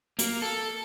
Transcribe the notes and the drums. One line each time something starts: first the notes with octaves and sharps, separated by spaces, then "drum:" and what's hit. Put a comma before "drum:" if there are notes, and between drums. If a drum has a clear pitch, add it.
A#3, drum: hi-hat
A4